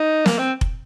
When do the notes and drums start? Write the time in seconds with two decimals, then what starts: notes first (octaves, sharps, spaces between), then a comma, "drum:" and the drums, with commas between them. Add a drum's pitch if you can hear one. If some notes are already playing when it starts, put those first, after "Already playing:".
Already playing: D#4
0.26 A#3, drum: snare
0.39 C4
0.61 drum: kick F1